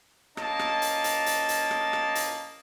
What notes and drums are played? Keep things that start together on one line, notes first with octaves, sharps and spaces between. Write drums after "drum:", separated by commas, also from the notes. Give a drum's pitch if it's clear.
A#3 C#4 D#5 A5, drum: rim click
drum: rim click
drum: hi-hat
drum: hi-hat
drum: hi-hat
drum: hi-hat
drum: rim click
drum: rim click
drum: hi-hat